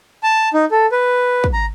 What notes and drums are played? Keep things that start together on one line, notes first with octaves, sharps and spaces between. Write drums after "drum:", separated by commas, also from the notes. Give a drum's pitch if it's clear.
A5
D#4
A4
B4
drum: kick
A#5